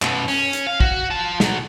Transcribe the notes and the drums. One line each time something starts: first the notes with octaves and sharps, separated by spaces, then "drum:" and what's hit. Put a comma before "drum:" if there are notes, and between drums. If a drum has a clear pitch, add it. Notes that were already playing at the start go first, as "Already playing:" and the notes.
F#2 B2, drum: clap
C#4, drum: open hi-hat
drum: hi-hat
F5
F#4, drum: kick
F4 A5
B2 F#3, drum: snare